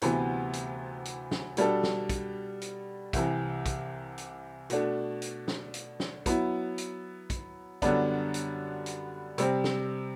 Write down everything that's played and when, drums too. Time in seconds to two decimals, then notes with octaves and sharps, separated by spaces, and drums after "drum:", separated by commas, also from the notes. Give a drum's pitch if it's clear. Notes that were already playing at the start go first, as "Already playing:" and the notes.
0.02 D2 C3 E3 B3, drum: hi-hat
0.53 drum: hi-hat
1.05 drum: hi-hat
1.31 drum: snare
1.57 B2 G3 D4 A4, drum: hi-hat
1.83 drum: snare
2.09 drum: kick, hi-hat
2.62 drum: hi-hat
3.13 C2 C3 E3, drum: kick, hi-hat
3.66 drum: kick, hi-hat
4.18 drum: hi-hat
4.70 B2 A3 D4, drum: hi-hat
5.22 drum: hi-hat
5.48 drum: snare
5.74 drum: hi-hat
6.00 drum: snare
6.26 F#3 B3 E4, drum: kick, hi-hat
6.78 drum: hi-hat
7.30 drum: kick, hi-hat
7.82 F#2 D3 G3 B3 D4, drum: kick, hi-hat
8.34 drum: hi-hat
8.86 drum: hi-hat
9.38 C3 G3 C4, drum: hi-hat
9.64 drum: snare